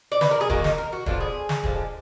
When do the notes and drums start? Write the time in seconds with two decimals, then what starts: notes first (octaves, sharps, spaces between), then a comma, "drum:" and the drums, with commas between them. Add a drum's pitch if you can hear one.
0.12 D5
0.21 B4, drum: snare
0.31 A#4
0.41 G#4
0.50 D#3 A#3 D#4 F#4, drum: kick
0.64 drum: snare
0.78 A#4
0.93 F#4
1.06 D3 F3 B3 D4 F4, drum: kick
1.21 G#4
1.49 drum: snare
1.63 D3 F3 G#3, drum: kick